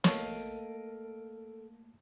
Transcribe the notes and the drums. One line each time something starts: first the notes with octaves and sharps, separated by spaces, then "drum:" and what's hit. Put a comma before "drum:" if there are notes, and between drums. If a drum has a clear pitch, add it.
A3 A#3 A4 A#4 C#5 D#5 F5 A5, drum: snare